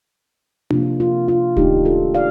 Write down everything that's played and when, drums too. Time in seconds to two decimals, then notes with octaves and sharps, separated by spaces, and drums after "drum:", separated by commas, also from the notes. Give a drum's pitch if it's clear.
0.70 C3 F3 A#3 D4 F4, drum: tom D4
1.00 F4
1.28 F4
1.57 D#3 A3 D4 D#4 G4, drum: kick D1
1.85 F4 A4
2.15 D5 F5